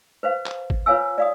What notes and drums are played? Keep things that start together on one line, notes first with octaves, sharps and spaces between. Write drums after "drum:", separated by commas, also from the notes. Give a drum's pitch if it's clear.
B4 C5 F5
drum: clap
drum: kick
F4 B4 C#5 F5 G#5 E6
D5 F5 D#6